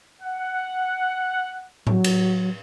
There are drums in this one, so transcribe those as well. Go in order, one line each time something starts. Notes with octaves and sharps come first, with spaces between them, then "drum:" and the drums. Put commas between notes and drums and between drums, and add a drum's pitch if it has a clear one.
F#5
F#3, drum: tom A2
drum: cymbal